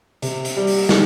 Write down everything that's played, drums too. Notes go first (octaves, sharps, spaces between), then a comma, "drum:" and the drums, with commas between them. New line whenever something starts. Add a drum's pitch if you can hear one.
C3, drum: hi-hat
drum: hi-hat
G3
drum: open hi-hat
D#3, drum: snare